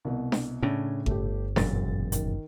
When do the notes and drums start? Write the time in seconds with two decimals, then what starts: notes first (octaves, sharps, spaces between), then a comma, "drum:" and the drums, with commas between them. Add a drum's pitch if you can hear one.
0.05 C2 B2
0.32 drum: snare D4
0.63 A2 C#3 C#4 D4
1.06 G1 A3 G4, drum: kick G#1
1.56 E1 F#2 A#2 A6, drum: snare D4
2.12 D#3, drum: hi-hat